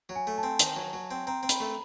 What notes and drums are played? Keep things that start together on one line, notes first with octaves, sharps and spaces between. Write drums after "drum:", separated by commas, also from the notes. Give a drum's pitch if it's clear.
F#3
G#5
A3
A5
C4
D#3, drum: hi-hat
F#3
F#3
C4
C4 A#5
C4
B5, drum: hi-hat
A3